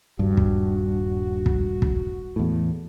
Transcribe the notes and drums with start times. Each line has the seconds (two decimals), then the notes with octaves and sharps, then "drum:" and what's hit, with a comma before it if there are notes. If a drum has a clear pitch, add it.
0.19 D#1 G2 F#4
0.37 drum: kick
1.46 drum: kick
1.82 drum: kick
2.36 E2 A2